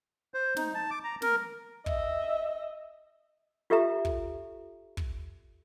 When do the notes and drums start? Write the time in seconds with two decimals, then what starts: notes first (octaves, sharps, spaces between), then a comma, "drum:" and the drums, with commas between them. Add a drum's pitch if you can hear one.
0.34 C5
0.57 D#4, drum: snare
0.75 A5
0.91 D6
1.04 A#5
1.22 A#4, drum: snare
1.86 D#5 E5, drum: kick
3.70 F4 G4 A4 E5 A#5
4.05 drum: kick
4.97 drum: kick